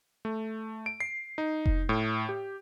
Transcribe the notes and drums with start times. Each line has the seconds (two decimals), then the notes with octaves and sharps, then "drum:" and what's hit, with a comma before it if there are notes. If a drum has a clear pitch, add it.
0.25 A3
0.86 D7
1.00 C7
1.38 D#4
1.66 drum: kick F1
1.89 A2
2.29 G4